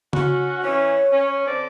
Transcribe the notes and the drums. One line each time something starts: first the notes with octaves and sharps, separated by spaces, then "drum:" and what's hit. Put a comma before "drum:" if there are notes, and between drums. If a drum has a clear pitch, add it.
C#4 F#4, drum: tom C#3
E3 C#4 C#5
C#4
D3 C4 D5